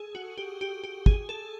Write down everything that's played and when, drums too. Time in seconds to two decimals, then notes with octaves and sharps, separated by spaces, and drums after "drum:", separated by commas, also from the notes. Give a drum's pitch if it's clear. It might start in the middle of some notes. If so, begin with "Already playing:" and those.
Already playing: G#4 A4
0.15 F#4
0.38 G4
0.61 G4
0.84 G4
1.06 G#4, drum: kick
1.29 A4